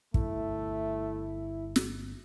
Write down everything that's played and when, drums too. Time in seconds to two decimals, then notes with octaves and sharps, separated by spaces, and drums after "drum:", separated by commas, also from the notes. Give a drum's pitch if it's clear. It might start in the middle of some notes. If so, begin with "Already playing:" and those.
0.14 G1 A3 E4, drum: kick
1.76 drum: snare